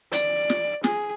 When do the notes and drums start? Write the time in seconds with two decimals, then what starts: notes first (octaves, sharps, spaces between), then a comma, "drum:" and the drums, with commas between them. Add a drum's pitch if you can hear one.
0.13 D5, drum: hi-hat
0.50 drum: snare
0.84 G#4, drum: snare